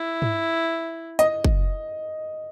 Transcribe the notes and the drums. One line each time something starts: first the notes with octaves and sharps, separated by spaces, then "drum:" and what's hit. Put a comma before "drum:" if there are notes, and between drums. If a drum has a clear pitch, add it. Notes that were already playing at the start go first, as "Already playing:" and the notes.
Already playing: E4
drum: tom
D#5, drum: hi-hat
drum: kick